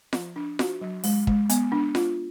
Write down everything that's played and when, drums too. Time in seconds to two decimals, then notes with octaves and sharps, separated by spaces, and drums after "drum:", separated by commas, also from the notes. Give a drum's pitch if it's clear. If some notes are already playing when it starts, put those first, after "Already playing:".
0.13 F3, drum: snare F4
0.36 D4
0.59 F#4, drum: snare F4
0.81 F#3
1.04 G#3, drum: open hi-hat
1.27 G#3, drum: kick
1.49 B3, drum: hi-hat
1.72 D4
1.95 F4, drum: snare F4